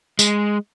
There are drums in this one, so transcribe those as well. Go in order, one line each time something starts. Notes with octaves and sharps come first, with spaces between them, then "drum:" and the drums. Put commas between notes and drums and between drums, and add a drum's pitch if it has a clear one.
G#3, drum: tambourine